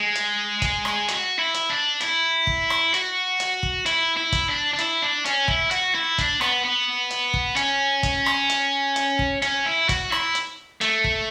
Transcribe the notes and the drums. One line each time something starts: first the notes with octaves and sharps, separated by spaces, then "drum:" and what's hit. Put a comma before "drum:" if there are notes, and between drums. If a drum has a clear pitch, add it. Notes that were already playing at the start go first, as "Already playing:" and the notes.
Already playing: G#3
drum: hi-hat
drum: kick, hi-hat
drum: rim click
F#4, drum: hi-hat
E4
drum: hi-hat
D4
E4, drum: hi-hat
drum: kick
drum: rim click
F#4, drum: hi-hat
drum: hi-hat
drum: kick
E4, drum: hi-hat
E4
drum: kick, hi-hat
D4
D4
E4, drum: hi-hat
D4
C#4, drum: hi-hat
E4, drum: kick
F#4, drum: hi-hat
E4
D4, drum: kick, hi-hat
B3, drum: rim click
B3
drum: hi-hat
drum: kick
C#4, drum: hi-hat
drum: kick, hi-hat
drum: rim click
drum: hi-hat
drum: hi-hat
drum: kick
C#4, drum: hi-hat
E4
F#4, drum: kick, hi-hat
E4, drum: rim click
drum: hi-hat
A3, drum: hi-hat
drum: kick